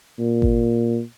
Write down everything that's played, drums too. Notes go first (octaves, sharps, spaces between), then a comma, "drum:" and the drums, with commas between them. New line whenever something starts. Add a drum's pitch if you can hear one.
A#2
drum: kick G#1